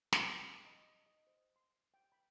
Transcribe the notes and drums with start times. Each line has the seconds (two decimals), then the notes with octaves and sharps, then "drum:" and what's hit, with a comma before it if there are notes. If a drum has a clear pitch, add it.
0.13 drum: snare
0.23 F5
0.66 D#5
1.06 D#5
1.27 C5
1.56 C6
1.94 G5
2.12 B5